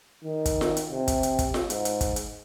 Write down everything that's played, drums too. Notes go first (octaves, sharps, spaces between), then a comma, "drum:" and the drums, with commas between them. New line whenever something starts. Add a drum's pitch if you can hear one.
D#3
drum: kick, hi-hat
drum: snare F4
drum: hi-hat
C3
drum: kick, hi-hat
drum: hi-hat
drum: kick, hi-hat
drum: snare F4
G#2, drum: hi-hat
drum: hi-hat
drum: kick, hi-hat
drum: hi-hat